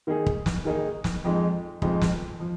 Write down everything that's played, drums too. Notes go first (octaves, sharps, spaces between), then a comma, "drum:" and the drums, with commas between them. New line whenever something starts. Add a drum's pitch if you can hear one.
D#3 A#3 D#4 G#4
drum: kick
drum: snare
D#3 A#3 D#4 G#4
drum: snare
F2 F3 G#3 D#4
F2 F3 G#3 D#4, drum: kick
drum: snare
F3